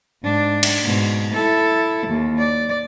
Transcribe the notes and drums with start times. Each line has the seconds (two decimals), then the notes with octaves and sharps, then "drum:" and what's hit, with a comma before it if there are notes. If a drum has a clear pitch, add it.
0.24 G#2 D4
0.63 drum: cymbal
0.84 G#2 B2
1.33 E4 A4
2.07 D#2
2.38 D5